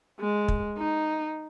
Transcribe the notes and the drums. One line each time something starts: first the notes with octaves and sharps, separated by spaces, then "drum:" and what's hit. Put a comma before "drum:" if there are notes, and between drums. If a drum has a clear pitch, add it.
G#3
drum: kick
D#4